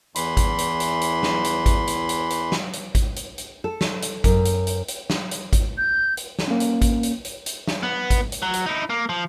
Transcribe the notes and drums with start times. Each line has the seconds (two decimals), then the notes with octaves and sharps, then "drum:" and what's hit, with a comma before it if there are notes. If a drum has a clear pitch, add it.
0.15 E2 E3 B5 C6, drum: hi-hat
0.37 drum: kick G#1, hi-hat
0.58 drum: hi-hat
0.80 drum: hi-hat
1.01 drum: hi-hat
1.23 drum: snare
1.44 drum: hi-hat
1.66 drum: kick G#1, hi-hat
1.87 drum: hi-hat
2.09 drum: hi-hat
2.30 drum: hi-hat
2.52 drum: snare
2.73 drum: hi-hat
2.95 drum: kick G#1, hi-hat
3.16 drum: hi-hat
3.38 drum: hi-hat
3.64 A4
3.81 drum: snare
4.02 drum: hi-hat
4.24 F#2, drum: kick G#1, hi-hat
4.45 drum: hi-hat
4.67 drum: hi-hat
4.88 drum: hi-hat
5.10 drum: snare
5.31 drum: hi-hat
5.53 drum: kick G#1, hi-hat
5.78 G6
6.17 drum: hi-hat
6.39 drum: snare
6.48 A#3 C#4
6.60 drum: hi-hat
6.82 drum: kick G#1, hi-hat
7.03 drum: hi-hat
7.25 drum: hi-hat
7.46 drum: hi-hat
7.68 drum: snare
7.83 B3
8.10 drum: kick G#1, hi-hat
8.32 drum: hi-hat
8.42 F#3
8.53 drum: hi-hat
8.66 D#4 E4
8.90 A#3
9.09 F3